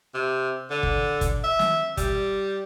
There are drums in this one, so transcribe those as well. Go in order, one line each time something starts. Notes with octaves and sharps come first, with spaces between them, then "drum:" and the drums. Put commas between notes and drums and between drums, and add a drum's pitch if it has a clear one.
C3
D3
drum: kick
drum: kick, hi-hat
E5
drum: snare
G3, drum: kick, hi-hat